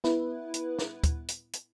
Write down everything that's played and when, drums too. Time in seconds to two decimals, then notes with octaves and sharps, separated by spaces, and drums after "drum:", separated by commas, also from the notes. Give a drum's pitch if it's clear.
0.04 B3 E4 B4, drum: snare
0.54 drum: hi-hat
0.79 drum: snare
1.04 drum: kick, hi-hat
1.28 drum: hi-hat
1.53 drum: hi-hat